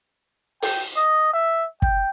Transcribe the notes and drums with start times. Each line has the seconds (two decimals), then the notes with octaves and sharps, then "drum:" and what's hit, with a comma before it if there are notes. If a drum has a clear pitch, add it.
0.62 G5, drum: open hi-hat
0.96 D#5
1.34 E5
1.82 G5, drum: kick